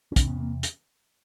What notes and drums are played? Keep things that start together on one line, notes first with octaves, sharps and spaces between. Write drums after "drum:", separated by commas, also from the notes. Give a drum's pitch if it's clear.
C#4
E2 C3 C4 D4, drum: kick, hi-hat
B3 C#4
A#3 C4
drum: hi-hat